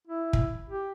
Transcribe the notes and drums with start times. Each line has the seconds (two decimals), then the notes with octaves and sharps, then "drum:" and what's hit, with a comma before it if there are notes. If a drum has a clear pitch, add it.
0.07 E4
0.33 drum: kick
0.70 G4